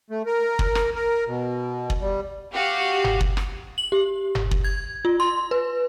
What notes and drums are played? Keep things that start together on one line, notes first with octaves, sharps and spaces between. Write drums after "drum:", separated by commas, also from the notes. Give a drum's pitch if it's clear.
A3
A#4
drum: kick
drum: rim click
A#4
B2
drum: kick
G3
F#4 G4 F5
drum: tom F#1
drum: kick
drum: rim click
F#7
G4
drum: tom F#1
drum: kick
G#6
F4
C6
B4